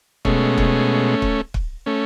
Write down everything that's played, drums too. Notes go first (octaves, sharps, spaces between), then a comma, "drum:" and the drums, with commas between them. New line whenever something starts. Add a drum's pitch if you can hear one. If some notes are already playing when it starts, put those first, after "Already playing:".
B2 G#3 A3 C#4, drum: kick
drum: kick
drum: kick
drum: kick
A3 C#4